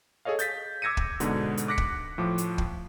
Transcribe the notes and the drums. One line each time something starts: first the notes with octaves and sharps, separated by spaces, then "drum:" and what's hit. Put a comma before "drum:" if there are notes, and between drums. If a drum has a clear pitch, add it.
G#4 A4 C#5 D#5 F5
G6 A6 B6, drum: hi-hat
D6 E6 G#6 A#6 C#7 D#7
drum: kick
G#2 B2 D3, drum: hi-hat
drum: hi-hat
D6 F#6 A#6 B6 C#7
drum: kick
A2 F3 D6
drum: hi-hat
drum: kick